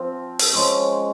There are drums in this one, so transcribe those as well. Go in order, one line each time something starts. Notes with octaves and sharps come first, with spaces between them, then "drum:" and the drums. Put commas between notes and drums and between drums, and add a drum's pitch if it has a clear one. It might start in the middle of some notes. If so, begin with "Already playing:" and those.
Already playing: F3 C4
drum: open hi-hat
F3 G#3 C#4